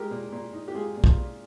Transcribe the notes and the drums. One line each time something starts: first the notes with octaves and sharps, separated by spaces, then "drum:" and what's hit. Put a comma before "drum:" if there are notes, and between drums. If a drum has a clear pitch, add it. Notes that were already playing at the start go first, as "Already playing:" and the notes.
Already playing: G#3 G4 A#4
A#2
A#2
D#4
G4
G#3 F4 G#4
A#2
F4, drum: kick
A#2